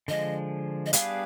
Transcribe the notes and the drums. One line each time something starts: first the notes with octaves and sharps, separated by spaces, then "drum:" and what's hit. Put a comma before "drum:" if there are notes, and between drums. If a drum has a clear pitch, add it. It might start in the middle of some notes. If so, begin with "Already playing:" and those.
D3 F3 G#3 D#5
D#5
G3 B3 D4 G#4 B4 F5, drum: hi-hat